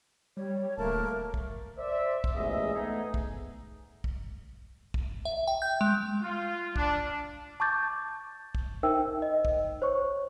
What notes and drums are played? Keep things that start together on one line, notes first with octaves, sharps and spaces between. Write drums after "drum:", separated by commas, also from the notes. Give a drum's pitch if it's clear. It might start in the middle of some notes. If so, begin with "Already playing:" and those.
G3 C#5
D1 A3 A#3 A#4 A5
drum: kick
C5 D5 E5
drum: kick
A1 E2 A#2 G#3 D#5 E5
A3 B3 D#4 G#4
drum: kick
drum: kick
drum: kick
E5
G5
G6
G#3
F4
D4, drum: kick
A5 C#6 D6 G6 A6
drum: kick
D#4 A#4 C5 E5 G5 E6
D#5
drum: kick
C5 C#5 C#6